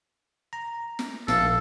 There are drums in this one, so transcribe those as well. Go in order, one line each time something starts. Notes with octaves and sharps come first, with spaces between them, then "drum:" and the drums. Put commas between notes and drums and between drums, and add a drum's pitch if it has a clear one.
A#5
drum: snare
A#1 A4 F5, drum: snare